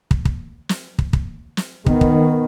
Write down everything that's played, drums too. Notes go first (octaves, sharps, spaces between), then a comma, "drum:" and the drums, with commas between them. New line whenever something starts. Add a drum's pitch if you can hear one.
drum: kick
drum: kick
drum: snare
drum: kick
drum: kick
drum: snare
D#3 B3, drum: kick
drum: kick